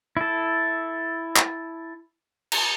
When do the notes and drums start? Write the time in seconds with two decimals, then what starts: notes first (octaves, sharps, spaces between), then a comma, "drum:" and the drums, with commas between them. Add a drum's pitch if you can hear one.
0.17 E4 A4
1.36 drum: clap
2.52 drum: cymbal